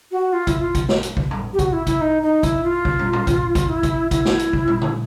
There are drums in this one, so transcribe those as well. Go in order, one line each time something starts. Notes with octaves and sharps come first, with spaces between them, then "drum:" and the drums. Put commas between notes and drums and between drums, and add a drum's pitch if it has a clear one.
F#4
F4
E4, drum: kick G#1, hi-hat
F4
drum: kick G#1, hi-hat
drum: snare
drum: hi-hat
drum: kick G#1
drum: tom
G4
F#4, drum: kick G#1, hi-hat
E4
E4, drum: kick G#1, hi-hat
D#4
D#4
E4, drum: kick G#1, hi-hat
F4
drum: kick G#1
drum: tom
drum: tom
drum: kick G#1, hi-hat
drum: kick G#1, hi-hat
E4
drum: kick G#1, hi-hat
E4, drum: kick G#1, hi-hat
drum: snare
drum: hi-hat
drum: kick G#1
drum: tom
drum: tom C#3